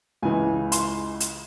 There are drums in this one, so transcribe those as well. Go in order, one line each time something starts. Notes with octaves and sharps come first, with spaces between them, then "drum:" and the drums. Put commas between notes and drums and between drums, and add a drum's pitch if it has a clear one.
C#2 C#3 E3 G#5
C6, drum: hi-hat
drum: hi-hat